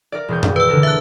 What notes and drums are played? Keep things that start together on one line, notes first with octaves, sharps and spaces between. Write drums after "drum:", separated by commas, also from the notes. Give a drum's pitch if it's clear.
A#4 D5
E1 G#4 G6
drum: tom F#2
B4 E6
D3 A4 A#4
E5 F#6